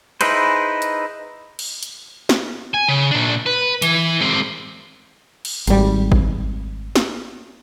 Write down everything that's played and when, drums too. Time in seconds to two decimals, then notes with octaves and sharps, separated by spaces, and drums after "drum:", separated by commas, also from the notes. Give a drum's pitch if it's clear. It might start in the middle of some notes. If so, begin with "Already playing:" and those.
0.21 D#4 E4 G#4 B4 C5, drum: cymbal
0.82 drum: hi-hat
1.59 drum: cymbal
1.83 drum: hi-hat
2.29 drum: snare
2.74 G#5
2.88 C#3
3.11 A#2 D4
3.46 B4
3.82 E3, drum: hi-hat
4.20 G#3 C4
5.45 drum: cymbal
5.67 G#1 G3, drum: hi-hat
6.12 drum: kick G#1
6.96 drum: snare